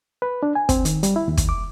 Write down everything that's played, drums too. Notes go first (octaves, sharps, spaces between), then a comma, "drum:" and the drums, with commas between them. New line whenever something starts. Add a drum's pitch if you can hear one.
B4
D4
G#5
C4, drum: kick, hi-hat
D#3, drum: hi-hat
G3, drum: hi-hat
E4
D#2
drum: kick, hi-hat
D6